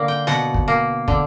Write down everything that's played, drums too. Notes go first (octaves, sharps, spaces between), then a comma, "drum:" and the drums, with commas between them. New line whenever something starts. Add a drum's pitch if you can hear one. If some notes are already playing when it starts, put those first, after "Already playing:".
Already playing: D3 A#3
G5
B2 F#5, drum: snare
drum: kick
A#3
D3, drum: kick